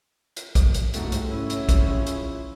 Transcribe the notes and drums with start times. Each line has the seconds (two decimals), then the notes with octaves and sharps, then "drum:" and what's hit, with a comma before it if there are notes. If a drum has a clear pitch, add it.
0.36 drum: hi-hat
0.55 drum: kick, hi-hat
0.74 drum: hi-hat
0.94 C2 G#2 C3 A3 F#4, drum: hi-hat
1.12 drum: hi-hat
1.27 C#4 E4
1.50 drum: hi-hat
1.69 drum: kick, hi-hat
1.88 F4 G#4
2.06 drum: hi-hat